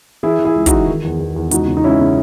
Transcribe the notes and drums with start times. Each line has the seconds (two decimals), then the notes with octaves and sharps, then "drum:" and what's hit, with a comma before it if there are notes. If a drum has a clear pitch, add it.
0.23 E3 E4 G#4
0.39 E3
0.45 E4 G#4
0.56 C#2
0.66 D#4 F#4, drum: kick, hi-hat
0.72 E3
0.88 D#3
1.04 E2
1.20 E2
1.36 E2
1.51 C#2 D#4 F#4, drum: hi-hat
1.67 C#3
1.77 D#4
1.84 C#2 C#4 E4
2.01 C#3